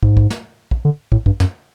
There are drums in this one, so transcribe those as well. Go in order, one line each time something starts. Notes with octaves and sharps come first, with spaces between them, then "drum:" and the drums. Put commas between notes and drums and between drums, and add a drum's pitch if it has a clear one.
G#2, drum: kick
drum: kick
drum: snare
drum: kick
D3
A2, drum: kick
G2, drum: kick
F#2, drum: snare